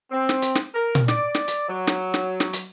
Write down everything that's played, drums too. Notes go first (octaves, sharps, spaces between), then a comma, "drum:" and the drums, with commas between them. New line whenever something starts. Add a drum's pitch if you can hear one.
C4
drum: snare
drum: hi-hat
drum: snare
A#4
drum: tom A#2
D5, drum: snare
drum: snare
drum: hi-hat
F#3
drum: snare
drum: snare
drum: snare
drum: hi-hat